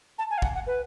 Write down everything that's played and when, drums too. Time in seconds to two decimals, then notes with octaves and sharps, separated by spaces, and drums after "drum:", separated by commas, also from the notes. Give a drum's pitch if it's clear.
0.19 A5
0.31 G#5
0.38 F5
0.42 F#5, drum: kick
0.55 F#5
0.67 B4